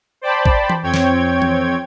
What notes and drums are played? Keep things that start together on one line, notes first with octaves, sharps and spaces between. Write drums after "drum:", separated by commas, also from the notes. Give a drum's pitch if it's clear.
C5 D5 G5 A5 B5
drum: kick A1
drum: tom E3
F2 C4 C#5 G5 G#6
drum: snare
drum: tom E3